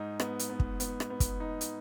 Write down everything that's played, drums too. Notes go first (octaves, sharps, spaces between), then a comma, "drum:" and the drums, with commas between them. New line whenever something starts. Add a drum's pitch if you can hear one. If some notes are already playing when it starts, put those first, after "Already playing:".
Already playing: G#2 D#4
B3, drum: rim click
drum: hi-hat
B3
drum: kick
B3, drum: hi-hat
drum: rim click
B3
drum: kick, hi-hat
D#4
drum: hi-hat